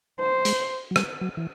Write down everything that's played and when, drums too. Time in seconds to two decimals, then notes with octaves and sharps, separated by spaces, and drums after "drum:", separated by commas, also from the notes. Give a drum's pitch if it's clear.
0.20 C5
0.45 G#3, drum: hi-hat
0.91 F#3
0.96 G3, drum: rim click
1.21 F#3
1.37 E3